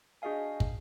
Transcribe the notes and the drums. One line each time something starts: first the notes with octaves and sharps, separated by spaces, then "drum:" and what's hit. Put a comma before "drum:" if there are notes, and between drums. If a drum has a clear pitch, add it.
D4 F#4 G#4 D#5 F5 G#5
drum: kick